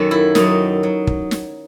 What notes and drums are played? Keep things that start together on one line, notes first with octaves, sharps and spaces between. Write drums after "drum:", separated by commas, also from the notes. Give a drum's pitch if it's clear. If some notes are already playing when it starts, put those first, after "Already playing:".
Already playing: F#2 D#3 F#3 A4
E4
F#2 D#3 F#3 D#4, drum: snare
F#3
drum: kick
drum: snare